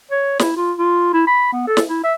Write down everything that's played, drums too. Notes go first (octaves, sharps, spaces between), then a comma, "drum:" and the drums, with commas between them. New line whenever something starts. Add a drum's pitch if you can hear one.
C#5
E4, drum: snare
F4
F4
E4
B5
B3
A4
drum: snare
E4
E5